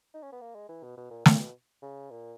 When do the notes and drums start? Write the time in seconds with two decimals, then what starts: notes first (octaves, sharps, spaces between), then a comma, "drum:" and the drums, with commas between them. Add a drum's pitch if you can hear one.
0.14 D#4
0.23 C#4
0.32 B3
0.41 A#3
0.55 G#3
0.69 E3
0.83 B2
0.97 B2
1.11 A#2
1.26 A#2, drum: snare
1.39 B2
1.83 C#3
2.10 A#2